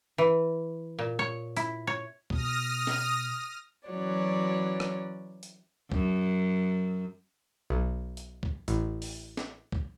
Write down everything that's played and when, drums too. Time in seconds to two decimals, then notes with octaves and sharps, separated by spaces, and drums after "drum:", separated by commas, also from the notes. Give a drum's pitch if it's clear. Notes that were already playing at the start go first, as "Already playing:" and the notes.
0.18 E3
0.99 A#2
1.19 C#5
1.57 E4, drum: hi-hat
1.87 C#5
2.30 B2 D#6 F6 A#6, drum: kick C#2
2.87 drum: snare
3.88 E3 F#3 C#4 F#4 C#5 D5
4.80 drum: rim click
5.43 drum: hi-hat
5.92 F#2, drum: kick C#2
7.70 B1
8.17 drum: hi-hat
8.43 drum: kick C#2
8.68 A1, drum: hi-hat
9.02 drum: open hi-hat
9.37 drum: snare
9.72 drum: kick C#2